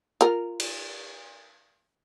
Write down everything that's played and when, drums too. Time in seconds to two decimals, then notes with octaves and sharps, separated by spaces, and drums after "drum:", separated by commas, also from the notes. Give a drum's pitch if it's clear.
0.21 F4 A#4, drum: hi-hat
0.60 drum: cymbal